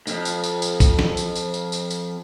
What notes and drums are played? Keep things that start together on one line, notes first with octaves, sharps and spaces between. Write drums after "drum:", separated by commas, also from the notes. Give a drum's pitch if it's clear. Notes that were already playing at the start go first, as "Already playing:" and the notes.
F2 G#2, drum: tambourine
drum: tambourine
drum: tambourine
drum: tambourine
drum: kick A#1, tambourine
drum: snare
drum: tambourine
drum: tambourine
drum: tambourine
drum: tambourine
drum: tambourine